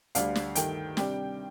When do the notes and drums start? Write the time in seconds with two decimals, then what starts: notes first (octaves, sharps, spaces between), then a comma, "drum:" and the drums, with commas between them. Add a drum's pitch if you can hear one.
0.15 D2 D3 G3 D4 F5, drum: hi-hat
0.35 drum: snare
0.55 G2 D#3 A3 G5, drum: hi-hat
0.97 C3 G3 D4 G5, drum: snare